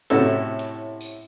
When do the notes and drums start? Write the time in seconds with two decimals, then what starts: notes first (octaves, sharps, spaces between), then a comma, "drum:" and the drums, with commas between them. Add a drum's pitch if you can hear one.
0.10 A2 C3 C#4 E4 F#4 A4, drum: hi-hat
0.59 drum: hi-hat
1.01 drum: tambourine